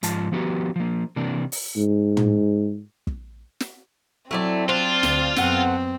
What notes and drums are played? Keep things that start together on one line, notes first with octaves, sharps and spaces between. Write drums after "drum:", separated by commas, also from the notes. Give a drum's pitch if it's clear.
G#2 F3 A5, drum: hi-hat
F3 B3 F#4 G4 B4
F3 A#3
C3 E3 A#3 D4
drum: open hi-hat
G#2
drum: tom
drum: kick
drum: snare
F#3 A3 C4 E4 D5
D4 F4 C5
D2, drum: snare
F#2 A3 B3 C4 F#5, drum: snare